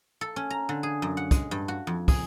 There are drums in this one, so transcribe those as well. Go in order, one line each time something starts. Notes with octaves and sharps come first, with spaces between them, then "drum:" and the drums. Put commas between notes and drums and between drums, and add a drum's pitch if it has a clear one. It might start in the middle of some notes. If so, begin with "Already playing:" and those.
A4
C#4
A#5
D3
G#4
F#2
F#5
G#3, drum: kick, hi-hat
G2
F#4
F2
G#4, drum: kick, open hi-hat